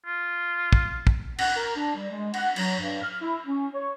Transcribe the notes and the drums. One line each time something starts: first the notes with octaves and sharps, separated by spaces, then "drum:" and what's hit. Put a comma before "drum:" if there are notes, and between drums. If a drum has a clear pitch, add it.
F4
drum: kick
drum: kick
F#5, drum: cymbal
A#4
D4
G3
G#3
F#5, drum: cymbal
F#3, drum: cymbal
G2
F6
E4
C#4
C#5